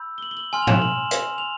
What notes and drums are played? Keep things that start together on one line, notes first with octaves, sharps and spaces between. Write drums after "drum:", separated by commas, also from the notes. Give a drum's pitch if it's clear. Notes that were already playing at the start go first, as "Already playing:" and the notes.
Already playing: B5 E6 G6
G7
F#7
G7
F#7
G#5 C6 F6 F#7
F7
E7, drum: tom
F#7
drum: hi-hat
F7